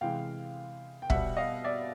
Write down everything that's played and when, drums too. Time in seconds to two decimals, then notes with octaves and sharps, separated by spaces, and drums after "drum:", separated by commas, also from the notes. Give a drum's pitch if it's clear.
0.01 C3 E3 G#3 F5 G5
1.02 G5
1.10 B2 G3 E5 F#5, drum: kick
1.37 D#5 F5
1.64 D5 E5